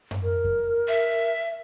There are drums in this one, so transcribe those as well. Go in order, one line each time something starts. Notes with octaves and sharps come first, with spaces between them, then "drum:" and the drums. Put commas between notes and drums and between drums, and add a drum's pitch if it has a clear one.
drum: tom F#2
A#4
drum: kick F2
E5